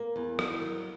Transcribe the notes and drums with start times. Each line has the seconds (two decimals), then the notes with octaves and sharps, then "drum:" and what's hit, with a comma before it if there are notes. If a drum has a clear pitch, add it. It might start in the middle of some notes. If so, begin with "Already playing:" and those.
Already playing: A#3
0.16 E2
0.39 D#3, drum: rim click
0.62 F#3